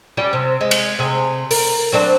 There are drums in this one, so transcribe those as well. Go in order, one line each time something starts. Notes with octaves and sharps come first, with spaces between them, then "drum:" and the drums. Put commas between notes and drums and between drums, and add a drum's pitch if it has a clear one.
G3 C#4 G4
C3
G#3
drum: cymbal
C3 G#4
A#4, drum: open hi-hat
F#3 C4 D4